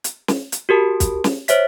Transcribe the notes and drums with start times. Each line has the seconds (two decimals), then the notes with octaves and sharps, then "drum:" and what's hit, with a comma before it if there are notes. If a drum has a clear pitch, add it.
0.04 drum: hi-hat
0.28 drum: snare
0.52 drum: hi-hat
0.69 F#4 G4 A#4 A5
1.00 drum: kick, hi-hat
1.24 drum: snare
1.48 C5 C#5 E5 B6, drum: hi-hat